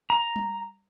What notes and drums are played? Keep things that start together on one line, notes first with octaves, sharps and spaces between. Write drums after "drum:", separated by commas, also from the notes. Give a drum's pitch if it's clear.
A#5
drum: tom G3